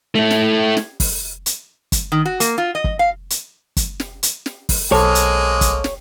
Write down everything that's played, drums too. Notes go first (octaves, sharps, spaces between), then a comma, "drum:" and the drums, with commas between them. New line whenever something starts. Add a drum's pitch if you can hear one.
A3 E4
drum: snare
drum: snare
drum: kick F#1, open hi-hat
drum: hi-hat
drum: kick F#1, hi-hat
D#3
F#4
A#3, drum: hi-hat
F4
D#5
drum: kick F#1
F5
drum: hi-hat
drum: kick F#1, hi-hat
drum: snare
drum: hi-hat
drum: snare
drum: kick F#1, open hi-hat
B1 G#3 A#3 A4 C5 C#5 G#5 A5
drum: hi-hat
drum: kick F#1, hi-hat
drum: snare